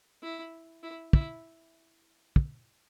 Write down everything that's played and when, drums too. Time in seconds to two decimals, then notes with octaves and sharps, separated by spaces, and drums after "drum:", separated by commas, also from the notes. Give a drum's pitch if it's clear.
0.22 E4
0.83 E4
1.13 E4, drum: kick
2.36 drum: kick